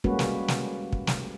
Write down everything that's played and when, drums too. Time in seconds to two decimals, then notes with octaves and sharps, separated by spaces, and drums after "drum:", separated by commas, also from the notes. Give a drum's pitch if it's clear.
0.04 G3 G#3 A#3 C#4 F#4 B4, drum: kick
0.19 drum: snare
0.48 drum: snare
0.93 drum: kick
1.07 drum: snare